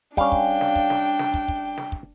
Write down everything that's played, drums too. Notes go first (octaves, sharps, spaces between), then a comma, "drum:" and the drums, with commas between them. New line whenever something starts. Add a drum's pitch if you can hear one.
G3 C#4 D4 F5 G5, drum: kick
drum: kick
drum: snare
drum: kick
drum: snare
drum: snare
drum: kick
drum: kick
drum: snare
drum: kick